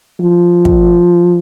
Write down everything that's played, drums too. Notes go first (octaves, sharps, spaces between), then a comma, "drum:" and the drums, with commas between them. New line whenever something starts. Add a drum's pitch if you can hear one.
F3
drum: kick